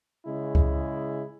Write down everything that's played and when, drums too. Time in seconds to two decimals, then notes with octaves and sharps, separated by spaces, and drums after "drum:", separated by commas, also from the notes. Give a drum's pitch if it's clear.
0.25 C#3 G#3 E4
0.55 drum: kick C#2